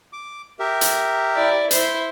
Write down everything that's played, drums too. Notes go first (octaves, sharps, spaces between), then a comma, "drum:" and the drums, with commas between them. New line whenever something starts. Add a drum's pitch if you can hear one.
D6
G4 A#4 E5
drum: hi-hat
E4 D5
E4 C5, drum: hi-hat